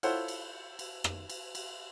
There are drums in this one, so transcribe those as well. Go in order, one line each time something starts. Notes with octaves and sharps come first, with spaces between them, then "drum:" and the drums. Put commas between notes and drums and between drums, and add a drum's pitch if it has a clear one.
E4 F4 A4 C5 C#5 F#5, drum: cymbal
drum: cymbal
drum: cymbal
drum: rim click
drum: cymbal
drum: cymbal